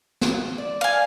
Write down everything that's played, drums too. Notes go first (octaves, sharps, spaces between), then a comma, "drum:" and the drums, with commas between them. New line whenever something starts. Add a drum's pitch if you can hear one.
drum: snare
D5
F5 G#5